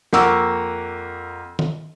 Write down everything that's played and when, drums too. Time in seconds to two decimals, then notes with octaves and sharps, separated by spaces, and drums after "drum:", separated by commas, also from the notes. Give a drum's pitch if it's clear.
0.13 F2 A#3 F#5 C#6 D6 E6, drum: snare
1.59 drum: tom D#3